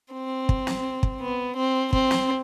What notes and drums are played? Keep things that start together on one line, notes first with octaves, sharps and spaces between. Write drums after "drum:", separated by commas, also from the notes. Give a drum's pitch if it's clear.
C4
drum: kick
drum: snare
drum: kick
B3
C4
C4, drum: kick
drum: snare